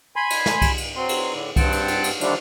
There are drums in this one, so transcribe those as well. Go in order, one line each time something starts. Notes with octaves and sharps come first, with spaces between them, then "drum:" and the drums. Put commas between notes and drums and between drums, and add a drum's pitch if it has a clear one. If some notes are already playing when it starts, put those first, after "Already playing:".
G#5 B5 C6
drum: cymbal
drum: snare
drum: kick C2, cymbal
drum: cymbal
F#3 C4 C6
drum: cymbal
A2 D3
G2 C4 F#5 G5 A5, drum: kick C2, cymbal
drum: cymbal
drum: cymbal
drum: cymbal
D3 D#3 F3 G3 A3 D4, drum: cymbal